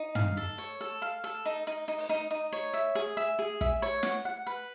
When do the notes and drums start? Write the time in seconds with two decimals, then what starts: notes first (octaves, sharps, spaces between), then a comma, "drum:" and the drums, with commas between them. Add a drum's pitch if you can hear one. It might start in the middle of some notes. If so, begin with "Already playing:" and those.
Already playing: D#4
0.15 F5, drum: tom
0.37 A4
0.58 C#5
0.81 A4
1.02 F5
1.24 A4
1.45 D#4
1.67 D#4
1.88 D#4
1.98 drum: open hi-hat
2.09 D#4
2.31 D#4
2.53 C#5
2.73 E5
2.95 G#4
3.17 E5
3.39 G#4
3.61 E5, drum: kick
3.82 C#5
4.03 F#5, drum: snare
4.25 F#5
4.47 B4